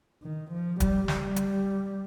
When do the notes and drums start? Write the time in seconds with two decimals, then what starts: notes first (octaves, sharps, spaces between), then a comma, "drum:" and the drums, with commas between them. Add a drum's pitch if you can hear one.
0.23 D#3
0.51 F3
0.80 G3, drum: kick, hi-hat
1.08 G3, drum: snare
1.36 drum: hi-hat